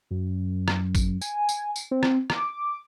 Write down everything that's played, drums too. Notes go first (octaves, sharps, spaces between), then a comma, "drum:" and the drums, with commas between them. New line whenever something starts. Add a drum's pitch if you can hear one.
F#2
drum: rim click
drum: kick, tambourine
G#5, drum: tambourine
drum: tambourine
drum: tambourine
C4
drum: rim click
D6, drum: rim click